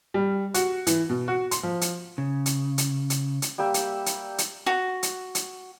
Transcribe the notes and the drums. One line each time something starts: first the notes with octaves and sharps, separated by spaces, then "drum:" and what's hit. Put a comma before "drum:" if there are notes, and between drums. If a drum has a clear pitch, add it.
G3
F#4, drum: hi-hat
E3, drum: hi-hat
B2
F#4
C6, drum: hi-hat
F3
drum: hi-hat
C#3
drum: hi-hat
drum: hi-hat
drum: hi-hat
drum: hi-hat
G3 A#3 G4 E5
drum: hi-hat
drum: hi-hat
drum: hi-hat
F#4
drum: hi-hat
drum: hi-hat